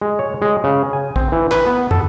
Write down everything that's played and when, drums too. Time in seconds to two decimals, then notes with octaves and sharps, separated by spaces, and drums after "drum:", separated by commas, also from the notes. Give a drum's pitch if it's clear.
0.01 G#3
0.19 C#5
0.42 G#3
0.64 C#3
0.93 G#5
1.16 C4, drum: kick
1.32 E3
1.51 B4, drum: clap
1.66 B3
1.91 A4, drum: tom